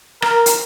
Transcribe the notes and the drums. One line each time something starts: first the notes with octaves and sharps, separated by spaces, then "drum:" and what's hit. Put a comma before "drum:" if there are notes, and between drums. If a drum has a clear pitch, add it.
A#4, drum: rim click
drum: hi-hat